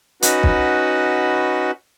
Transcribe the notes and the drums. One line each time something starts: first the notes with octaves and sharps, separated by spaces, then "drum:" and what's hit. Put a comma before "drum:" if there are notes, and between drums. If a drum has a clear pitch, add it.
C#4 D#4 F#4 B4 F#5 B5, drum: hi-hat
drum: kick